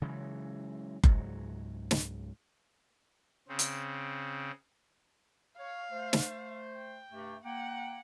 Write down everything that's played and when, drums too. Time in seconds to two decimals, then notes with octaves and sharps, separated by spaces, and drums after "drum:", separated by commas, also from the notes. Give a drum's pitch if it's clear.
0.02 C#3 E3 F#3 G#3
1.04 C#2 G#2 F#3, drum: kick F#1
1.91 drum: snare
3.48 C#3 C4
3.59 drum: hi-hat
5.58 C#5 F5
5.91 A3 C5
6.13 drum: snare
6.76 G5
7.11 G2 C3 A3
7.44 A#3 F#5 G5